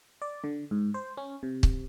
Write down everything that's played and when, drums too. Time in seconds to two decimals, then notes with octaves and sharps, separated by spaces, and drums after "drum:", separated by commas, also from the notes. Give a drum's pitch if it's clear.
0.22 D5
0.44 D3
0.71 G#2
0.94 C5
1.17 C#4
1.43 C3
1.63 drum: kick